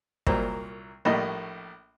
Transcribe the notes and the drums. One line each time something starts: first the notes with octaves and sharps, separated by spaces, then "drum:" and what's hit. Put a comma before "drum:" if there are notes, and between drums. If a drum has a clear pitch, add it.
C2 A#2 F#3 A#3 C5, drum: kick
A#1 A2 G3 A#3 D#5